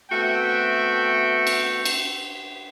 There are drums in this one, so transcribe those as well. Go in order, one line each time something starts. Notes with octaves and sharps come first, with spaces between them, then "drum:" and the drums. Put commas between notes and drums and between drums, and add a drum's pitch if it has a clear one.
A3 B3 C4 F#4 E5 G5
drum: cymbal
drum: cymbal